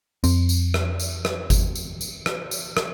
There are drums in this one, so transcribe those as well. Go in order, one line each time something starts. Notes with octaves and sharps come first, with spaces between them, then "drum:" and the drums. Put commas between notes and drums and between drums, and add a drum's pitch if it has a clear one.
F2 C4, drum: tambourine
drum: tambourine
drum: rim click
drum: tambourine
drum: rim click
drum: kick G1, tambourine
drum: tambourine
drum: tambourine
drum: rim click
drum: tambourine
drum: rim click